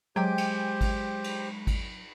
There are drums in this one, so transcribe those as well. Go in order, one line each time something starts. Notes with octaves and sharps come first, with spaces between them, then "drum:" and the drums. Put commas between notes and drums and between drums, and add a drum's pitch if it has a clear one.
F#3 G#3 G4 C5 G5 G#5 D6
drum: cymbal
drum: kick G#1, cymbal
drum: cymbal
drum: kick G#1, cymbal